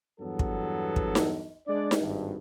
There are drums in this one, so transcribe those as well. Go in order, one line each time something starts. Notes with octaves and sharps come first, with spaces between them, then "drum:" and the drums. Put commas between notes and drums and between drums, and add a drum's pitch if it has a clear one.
E2 G2 F#3 B3 A4
drum: kick
drum: kick
drum: snare D#4
G#3 D4 D5
drum: snare D#4
G#1 G2